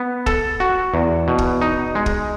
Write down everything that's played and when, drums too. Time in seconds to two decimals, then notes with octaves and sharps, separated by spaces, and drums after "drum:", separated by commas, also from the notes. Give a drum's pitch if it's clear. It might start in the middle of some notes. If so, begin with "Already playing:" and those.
Already playing: B3
0.26 A4, drum: kick
0.60 F#4
0.94 E2
1.28 B2
1.38 drum: kick
1.62 D#4
1.95 G#3
2.06 drum: kick